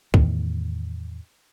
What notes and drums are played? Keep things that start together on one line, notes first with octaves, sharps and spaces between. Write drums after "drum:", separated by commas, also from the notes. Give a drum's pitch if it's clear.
E2 A2 D#3, drum: kick